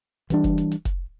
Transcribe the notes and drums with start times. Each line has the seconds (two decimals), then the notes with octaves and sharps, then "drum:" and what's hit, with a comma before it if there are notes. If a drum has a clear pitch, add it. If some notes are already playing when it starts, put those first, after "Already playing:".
0.30 E3 G3 B3 D4, drum: hi-hat
0.44 drum: kick F1, hi-hat
0.58 drum: hi-hat
0.72 drum: hi-hat
0.85 drum: kick F1, hi-hat